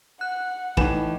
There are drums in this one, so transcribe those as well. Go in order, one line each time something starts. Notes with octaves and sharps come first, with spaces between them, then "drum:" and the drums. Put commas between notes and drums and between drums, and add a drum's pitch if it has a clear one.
F#5 F#6
A2 E3 A3 D#4 B4 E7, drum: kick